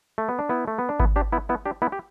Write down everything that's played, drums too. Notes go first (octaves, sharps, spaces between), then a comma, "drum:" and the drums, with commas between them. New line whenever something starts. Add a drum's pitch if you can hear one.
A3
B3
D4
B3 E4
A3
B3
D4
B3 E4, drum: kick G#1
D4 G4
B3 E4
B3 E4
D4 G4
B3 E4
G4